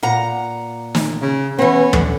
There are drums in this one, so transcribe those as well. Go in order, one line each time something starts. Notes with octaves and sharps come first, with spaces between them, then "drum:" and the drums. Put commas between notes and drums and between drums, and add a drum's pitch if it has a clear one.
A#2 F#5 A#5
drum: snare
C#3
E3 B3 C#4
D3, drum: tom